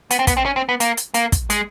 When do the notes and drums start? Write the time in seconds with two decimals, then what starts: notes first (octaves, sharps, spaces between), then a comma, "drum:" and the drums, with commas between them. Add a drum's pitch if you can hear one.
0.11 B3, drum: hi-hat
0.19 C4
0.27 B3, drum: kick, hi-hat
0.37 C4
0.45 C#4
0.56 C4
0.69 B3
0.80 A#3, drum: hi-hat
0.97 drum: hi-hat
1.14 A#3, drum: hi-hat
1.32 drum: kick, hi-hat
1.50 G#3, drum: hi-hat